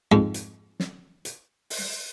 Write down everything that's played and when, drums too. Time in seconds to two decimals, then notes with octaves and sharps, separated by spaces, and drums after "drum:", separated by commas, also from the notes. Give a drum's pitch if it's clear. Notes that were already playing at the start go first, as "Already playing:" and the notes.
0.12 F2 G#2
0.34 drum: hi-hat
0.80 drum: snare
1.25 drum: hi-hat
1.70 drum: open hi-hat